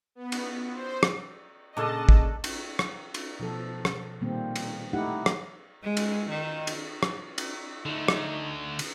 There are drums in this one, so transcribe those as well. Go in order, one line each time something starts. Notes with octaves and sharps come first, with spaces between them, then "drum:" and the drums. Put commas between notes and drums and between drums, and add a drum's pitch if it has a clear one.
B3
drum: cymbal
C5
drum: rim click
A#2 C#3 D4 A4 D5 D#5 A5
drum: kick
drum: cymbal
drum: rim click
drum: cymbal
B2 F3 A4
drum: rim click
A#2 D#3 G3 A#3 C4
drum: cymbal
A3 D#4 E4 G4 F#5
drum: rim click
G#3
drum: cymbal
D#3
drum: cymbal
drum: rim click
drum: cymbal
D3 A3 D#4
drum: rim click
drum: cymbal